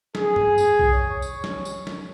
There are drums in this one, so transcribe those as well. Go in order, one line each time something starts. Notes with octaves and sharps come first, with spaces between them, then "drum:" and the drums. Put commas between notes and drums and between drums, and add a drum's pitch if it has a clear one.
G#4, drum: snare
drum: tom
drum: tambourine
drum: kick B1
C#5
drum: tambourine
drum: snare
drum: tambourine
drum: snare